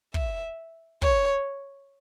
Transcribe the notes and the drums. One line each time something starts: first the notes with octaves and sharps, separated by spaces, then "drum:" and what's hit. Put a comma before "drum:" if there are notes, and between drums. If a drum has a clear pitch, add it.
E5, drum: kick
C#5, drum: kick